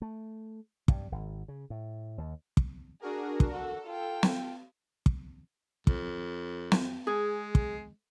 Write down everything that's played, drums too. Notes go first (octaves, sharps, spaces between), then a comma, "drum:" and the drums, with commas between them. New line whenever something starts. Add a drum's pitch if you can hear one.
A3
G2, drum: kick
G#1
C#3
A2
D#2
drum: kick
D4 F#4 G#4 A#4
drum: kick
F#4 A4
F4 G5
drum: snare
drum: kick
F2, drum: kick
drum: snare
G#3 G#4
drum: kick